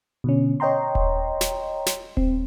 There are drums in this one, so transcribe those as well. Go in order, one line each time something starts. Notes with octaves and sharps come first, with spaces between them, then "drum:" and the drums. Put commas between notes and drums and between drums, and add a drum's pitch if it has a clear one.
B2 D3 C#4
C#5 D#5 G5 A#5 C6
drum: kick D#1
drum: snare
drum: snare
C4, drum: kick D#1